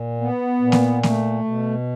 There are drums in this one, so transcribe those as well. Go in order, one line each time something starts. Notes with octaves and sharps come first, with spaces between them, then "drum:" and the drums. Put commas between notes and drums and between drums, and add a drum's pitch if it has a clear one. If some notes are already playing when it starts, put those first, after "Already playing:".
Already playing: A#2
B3
A#2
drum: snare A#3
A3, drum: snare A#3
B2